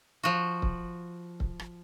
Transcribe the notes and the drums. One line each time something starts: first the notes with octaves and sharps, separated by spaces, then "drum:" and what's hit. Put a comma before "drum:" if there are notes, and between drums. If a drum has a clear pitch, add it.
F3 F#4
drum: kick C#1
drum: kick C#1
drum: rim click